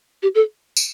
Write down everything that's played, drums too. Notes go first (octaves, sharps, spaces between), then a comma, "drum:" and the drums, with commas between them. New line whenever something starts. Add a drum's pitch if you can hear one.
G4
A4
drum: tambourine